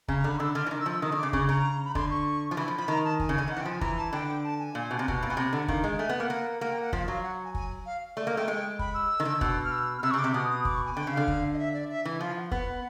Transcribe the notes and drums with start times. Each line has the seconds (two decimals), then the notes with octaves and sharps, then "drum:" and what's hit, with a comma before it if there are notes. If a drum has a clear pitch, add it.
0.08 C#3 A#5, drum: kick
0.19 A#5
0.24 D3 B5
0.39 D3 E6
0.55 D3 F6
0.66 E3
0.71 D#3
0.81 E6
0.86 F3
0.91 E6
1.02 D#3 D#6
1.12 D3
1.17 D6
1.23 C#3
1.33 C#3 C#6, drum: kick
1.48 C#3 A#5
1.85 B5
1.95 D3 C6, drum: kick
2.11 C#6
2.51 F3
2.57 E3 B5
2.68 F3
2.78 F3 B5
2.88 D#3 A#5
3.04 A5
3.20 G#5, drum: kick
3.29 C#3
3.35 D3 G#5
3.48 D#3 F#5
3.57 E3
3.61 G5
3.66 F3
3.71 G#5
3.81 E3 A#5, drum: kick
3.97 A5
4.13 D3 G5
4.28 G5
4.44 A5
4.59 G#5
4.75 A#2
4.91 B2
4.99 C3
5.08 B2, drum: kick
5.23 A#2
5.29 B2 G#5
5.37 C3 G5
5.53 D3 F#5
5.68 D#3 F5, drum: kick
5.84 G#3
5.99 A3 G#5
6.09 B3
6.14 F#5
6.20 A#3
6.30 A#3
6.61 A#3 F#5
6.71 G5
6.82 F#5
6.93 F3 F5, drum: kick
7.08 F#3 F5
7.23 F#5
7.44 G#5
7.54 G#5, drum: kick
7.86 F5
8.17 A3 D5
8.27 A#3 D#5
8.37 A3 G5
8.48 G#3
8.79 B5, drum: kick
8.94 E6
9.20 D#3
9.25 D3
9.41 B2, drum: kick
9.64 F6
9.72 E6
9.98 F6
10.03 C3 E6
10.11 C#6
10.14 C#3
10.19 D6
10.24 C3
10.34 B2 D#6
10.50 D#6
10.65 D6, drum: kick
10.75 C#6
10.86 G#5
10.96 D3 G5
11.07 C#3
11.12 F5
11.17 D3
11.27 drum: kick
11.54 D#5
11.59 E5
11.74 D5
11.90 E5
12.05 E3
12.21 F3 F5
12.36 F#5
12.51 B3, drum: kick